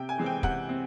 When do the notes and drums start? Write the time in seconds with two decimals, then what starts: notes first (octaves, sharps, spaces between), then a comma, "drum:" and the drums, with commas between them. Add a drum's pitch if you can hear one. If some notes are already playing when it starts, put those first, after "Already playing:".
Already playing: C3 G5
0.09 G#5
0.18 E3 G#3 C4
0.26 G5
0.43 C3 F#5, drum: kick
0.69 C4